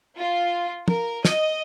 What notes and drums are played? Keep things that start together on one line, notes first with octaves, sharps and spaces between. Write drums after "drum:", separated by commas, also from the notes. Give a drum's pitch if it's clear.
F4
A#4, drum: tom
D#5, drum: snare